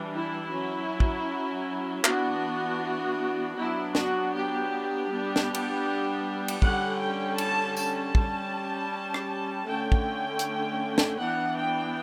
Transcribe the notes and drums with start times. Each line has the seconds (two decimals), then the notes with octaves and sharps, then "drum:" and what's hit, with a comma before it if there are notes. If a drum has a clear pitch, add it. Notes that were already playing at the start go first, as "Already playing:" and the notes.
Already playing: E3 G3 D4
0.14 E4
0.52 F#3 C#4
1.00 drum: kick
2.04 E3 B3 D4 F#4, drum: clap
3.57 F#3 B3 D4 E4
3.95 F#4, drum: snare
4.33 G4
5.09 G3 B3 D4
5.36 drum: snare
5.54 drum: cymbal
6.48 drum: cymbal
6.62 D3 G3 C#4 F#5, drum: kick
7.00 G5
7.38 A5, drum: cymbal
7.77 A5, drum: tambourine
8.15 G3 C#4, drum: kick
9.14 drum: rim click
9.67 D3 A3 C#4 G5
9.92 drum: kick
10.39 drum: hi-hat
10.98 drum: snare
11.19 E3 B3 D4 F#5
11.57 G5